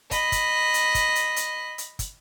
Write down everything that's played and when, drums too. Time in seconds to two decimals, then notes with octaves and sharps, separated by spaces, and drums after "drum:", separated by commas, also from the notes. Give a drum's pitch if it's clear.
0.11 D#5 B5, drum: kick, hi-hat
0.32 drum: kick, hi-hat
0.74 drum: hi-hat
0.95 drum: kick, hi-hat
1.16 drum: hi-hat
1.36 drum: hi-hat
1.78 drum: hi-hat
1.99 drum: kick, hi-hat